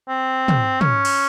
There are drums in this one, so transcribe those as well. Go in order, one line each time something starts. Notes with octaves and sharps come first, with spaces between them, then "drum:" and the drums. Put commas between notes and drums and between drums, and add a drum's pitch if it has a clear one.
C4
drum: tom
C#4, drum: tom
drum: cymbal